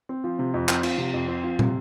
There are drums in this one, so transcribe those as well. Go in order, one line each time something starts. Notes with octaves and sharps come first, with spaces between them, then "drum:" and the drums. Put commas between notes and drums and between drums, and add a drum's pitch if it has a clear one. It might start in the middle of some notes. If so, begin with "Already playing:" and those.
C4
F3
C3
F2
C4, drum: clap
F3, drum: cymbal
C3
F2
C4
F3
C3, drum: tom